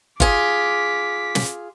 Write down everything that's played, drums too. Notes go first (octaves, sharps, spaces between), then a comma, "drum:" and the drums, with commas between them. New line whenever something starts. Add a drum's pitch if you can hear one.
F4 G#4 D6 B6, drum: kick G1
drum: snare